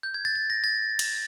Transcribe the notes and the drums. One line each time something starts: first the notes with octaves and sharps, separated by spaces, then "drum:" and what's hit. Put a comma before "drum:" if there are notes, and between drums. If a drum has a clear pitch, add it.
G6
G#6
A6
A6
A#6
A6
drum: cymbal